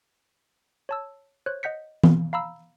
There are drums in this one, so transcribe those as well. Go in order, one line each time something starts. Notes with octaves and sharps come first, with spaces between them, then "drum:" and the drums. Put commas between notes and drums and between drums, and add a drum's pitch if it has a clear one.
C#5 A5 E6
C5 C#5 F#6
D#5 F#5 G6 B6 C#7
drum: tom E3
F5 A#5 B5 E6